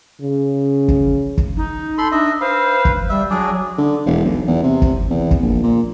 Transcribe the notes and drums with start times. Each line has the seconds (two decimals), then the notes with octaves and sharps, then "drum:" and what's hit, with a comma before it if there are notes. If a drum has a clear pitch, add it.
0.21 C#3
0.88 drum: kick
1.38 drum: kick
1.57 D#4
1.98 A4 B5 C6
2.12 D4 D#5 E5
2.41 B4 C5 F5
2.85 drum: kick
3.10 G3 E5
3.30 F#3 D4 G#4 D5
3.78 D3
4.06 E1
4.25 B1
4.48 E2
4.63 C3
4.82 drum: kick
5.10 E2
5.31 drum: kick
5.42 A#1
5.63 A#2